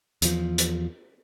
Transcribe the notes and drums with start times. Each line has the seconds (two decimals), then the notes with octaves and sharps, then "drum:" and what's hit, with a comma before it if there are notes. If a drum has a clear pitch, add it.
0.22 E2 F3, drum: hi-hat
0.58 drum: hi-hat